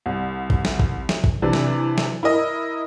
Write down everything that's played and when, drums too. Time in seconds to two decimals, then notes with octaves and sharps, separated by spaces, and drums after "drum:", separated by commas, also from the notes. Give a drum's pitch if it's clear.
0.06 C2
0.50 drum: kick
0.65 drum: snare
0.80 drum: kick
1.09 drum: snare
1.24 drum: kick
1.42 C3 E3 D4
1.53 drum: snare
1.98 drum: snare
2.23 E4 A#4 D#5